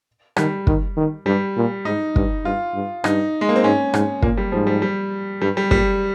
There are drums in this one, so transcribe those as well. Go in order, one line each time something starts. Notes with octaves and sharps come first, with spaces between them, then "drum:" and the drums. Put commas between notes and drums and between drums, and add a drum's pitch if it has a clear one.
D#3 G3, drum: rim click
D#3, drum: kick
D#3
G2 G3
A#2
G#2 D#4
G2, drum: kick
G2 F4
G2
G2 D#4, drum: rim click
G#3
A#3
C4
G#2 C#4
G#2, drum: rim click
A#2 A#3, drum: kick
G3
G#2 F3
G3
G3
G2 G3
G3
A#2 G3, drum: kick